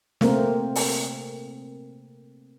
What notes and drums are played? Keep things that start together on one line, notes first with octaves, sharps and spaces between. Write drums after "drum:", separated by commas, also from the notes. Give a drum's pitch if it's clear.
C3 A3 A#3 C4 A#4 C5, drum: snare
drum: open hi-hat